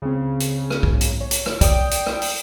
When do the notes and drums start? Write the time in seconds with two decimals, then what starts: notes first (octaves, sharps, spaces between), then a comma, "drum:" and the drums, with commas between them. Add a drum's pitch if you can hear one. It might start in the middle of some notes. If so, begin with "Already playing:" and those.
0.02 C#2 C#3 C4
0.40 drum: hi-hat
0.70 drum: rim click
0.83 B1 G#2, drum: kick
1.01 drum: hi-hat
1.21 C#5
1.31 drum: hi-hat
1.46 drum: rim click
1.61 D5 G5 D#6, drum: kick, hi-hat
1.91 drum: hi-hat
2.06 drum: rim click
2.22 drum: open hi-hat